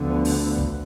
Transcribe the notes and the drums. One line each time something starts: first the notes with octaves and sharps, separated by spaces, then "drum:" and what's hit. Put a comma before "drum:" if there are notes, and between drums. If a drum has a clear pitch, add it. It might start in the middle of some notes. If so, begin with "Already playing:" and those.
Already playing: D2 D3 F3 B3
drum: open hi-hat
drum: kick